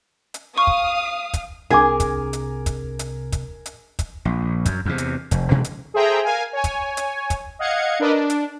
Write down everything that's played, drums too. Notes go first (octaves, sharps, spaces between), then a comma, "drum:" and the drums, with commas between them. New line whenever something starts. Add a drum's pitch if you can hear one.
drum: hi-hat
F5 C#6 D#6 F6
drum: kick
drum: kick, hi-hat
C2 C3 D4 G#4 A#4 G#5 D6
drum: kick, hi-hat
drum: hi-hat
drum: kick, hi-hat
drum: hi-hat
drum: kick, hi-hat
drum: hi-hat
drum: kick, hi-hat
A#1
F#2, drum: kick, hi-hat
E2 C3
drum: hi-hat
F1, drum: kick, hi-hat
A1 B2 E3 G#3
drum: hi-hat
G#4 A4 C5 E5 G5 A#5
A#4 F5 G#5
C#5 G#5
drum: kick, hi-hat
drum: hi-hat
drum: kick, hi-hat
D#5 F5 F#5 G#6 C#7
D4 A#4 B4 D5 D#5
D4
drum: hi-hat